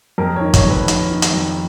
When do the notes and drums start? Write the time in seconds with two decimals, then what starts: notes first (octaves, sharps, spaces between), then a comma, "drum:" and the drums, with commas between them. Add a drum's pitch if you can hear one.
0.18 F2 A#4
0.36 D#3 C#5
0.54 C#5, drum: kick, hi-hat
0.65 F2
0.70 B4
0.88 D#3, drum: hi-hat
1.10 D#3
1.22 drum: hi-hat
1.34 F2